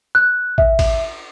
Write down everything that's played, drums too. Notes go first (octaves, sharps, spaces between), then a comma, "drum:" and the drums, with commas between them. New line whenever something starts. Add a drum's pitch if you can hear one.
F#6
E5, drum: kick
drum: kick, cymbal